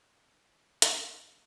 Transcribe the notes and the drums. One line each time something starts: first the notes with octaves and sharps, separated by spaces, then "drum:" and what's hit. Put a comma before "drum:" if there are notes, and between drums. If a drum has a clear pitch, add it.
B1 C#3 F5 A#5
drum: hi-hat